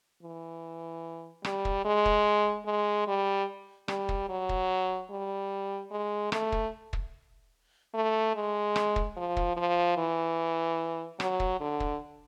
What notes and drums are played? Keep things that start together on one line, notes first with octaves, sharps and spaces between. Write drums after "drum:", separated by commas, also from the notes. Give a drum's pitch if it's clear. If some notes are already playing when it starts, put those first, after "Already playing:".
E3
G3, drum: rim click
drum: kick
G#3
drum: kick
G#3
G3
G3, drum: rim click
drum: kick
F#3
drum: kick
G3
G#3
A3, drum: rim click
drum: kick
drum: kick
A3
G#3
drum: rim click
drum: kick
F3
drum: kick
F3
E3
F#3, drum: rim click
drum: kick
D3
drum: kick